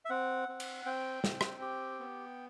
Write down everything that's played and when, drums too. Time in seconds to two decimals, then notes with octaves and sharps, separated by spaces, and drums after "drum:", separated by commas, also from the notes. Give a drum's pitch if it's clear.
0.05 E5
0.10 C4 F#5
0.48 C4
0.60 drum: cymbal
0.86 C4 G5
1.24 C4, drum: snare
1.41 drum: rim click
1.61 G4
2.00 B3